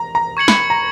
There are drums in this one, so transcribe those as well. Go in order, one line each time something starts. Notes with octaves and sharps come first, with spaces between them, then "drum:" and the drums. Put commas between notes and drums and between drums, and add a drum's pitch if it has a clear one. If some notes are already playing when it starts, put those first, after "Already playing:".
Already playing: A#5
A#5
C#6 G#6 C#7 F#7
B5, drum: snare
A#5